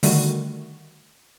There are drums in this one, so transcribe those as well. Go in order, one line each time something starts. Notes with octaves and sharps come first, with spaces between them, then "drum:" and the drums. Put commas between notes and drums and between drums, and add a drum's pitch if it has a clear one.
D3 D#3 G3 A3 F#4, drum: open hi-hat